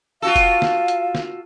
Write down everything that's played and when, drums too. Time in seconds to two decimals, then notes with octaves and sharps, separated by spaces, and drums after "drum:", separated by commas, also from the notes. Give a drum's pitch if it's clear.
0.22 F4 F#4 A4 F5
0.36 drum: kick F1, hi-hat
0.62 drum: snare
0.88 drum: hi-hat
1.15 drum: snare